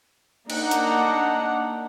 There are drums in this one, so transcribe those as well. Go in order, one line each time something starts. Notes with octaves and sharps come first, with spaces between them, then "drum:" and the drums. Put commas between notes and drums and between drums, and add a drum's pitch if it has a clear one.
A#3 D4 D#4 F#5, drum: cymbal
drum: hi-hat